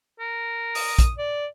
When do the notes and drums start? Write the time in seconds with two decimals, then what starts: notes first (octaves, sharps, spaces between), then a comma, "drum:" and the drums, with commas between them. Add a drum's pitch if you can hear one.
0.19 A#4
0.75 D#6, drum: open hi-hat
0.99 drum: kick, hi-hat
1.18 D5